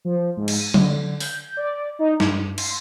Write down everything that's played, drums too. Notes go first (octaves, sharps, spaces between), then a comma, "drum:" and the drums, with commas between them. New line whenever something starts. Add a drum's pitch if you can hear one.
F3
G#2
drum: cymbal
D#7
D3, drum: tom F#3
G6, drum: open hi-hat
D5
D#4
G2, drum: snare
C6, drum: cymbal